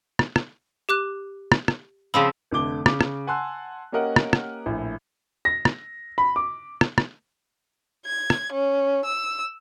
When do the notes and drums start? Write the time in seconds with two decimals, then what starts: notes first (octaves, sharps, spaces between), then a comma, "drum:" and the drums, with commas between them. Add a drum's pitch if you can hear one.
0.19 drum: rim click
0.36 drum: rim click
0.89 G4 D6 F#6
1.52 drum: rim click
1.68 drum: rim click
2.14 C#3 F3 C4 G#4 B5
2.51 F1 D3 A3 D6 G7
2.86 C#3 D6, drum: rim click
3.01 drum: rim click
3.27 F#5 G#5 A5 C6 E6 F#6
3.92 A#3 C#4 G4 A#4 D#5 F#5
4.16 drum: rim click
4.33 drum: rim click
4.66 A#1 A2
5.45 A#6
5.65 drum: rim click
6.18 B5
6.36 D6
6.81 drum: rim click
6.98 drum: rim click
8.06 G#6
8.30 drum: rim click
8.52 C#4
9.05 E6